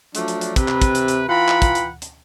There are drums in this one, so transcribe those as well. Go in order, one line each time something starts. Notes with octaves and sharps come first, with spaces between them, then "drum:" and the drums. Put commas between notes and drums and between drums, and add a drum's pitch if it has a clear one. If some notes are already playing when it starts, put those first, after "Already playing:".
F3 F#3 A3 D4, drum: hi-hat
drum: hi-hat
drum: hi-hat
C3 B4, drum: kick, hi-hat
drum: clap
drum: kick, hi-hat
drum: hi-hat
drum: hi-hat
E3 F4 F#5 G5 A#5 B5
drum: clap
drum: kick, hi-hat
drum: hi-hat
drum: hi-hat